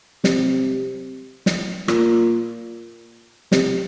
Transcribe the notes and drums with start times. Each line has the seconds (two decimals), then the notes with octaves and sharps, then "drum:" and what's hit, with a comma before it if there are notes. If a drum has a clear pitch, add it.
0.24 C3, drum: snare
1.46 drum: snare
1.88 A#2, drum: rim click
3.52 C3, drum: snare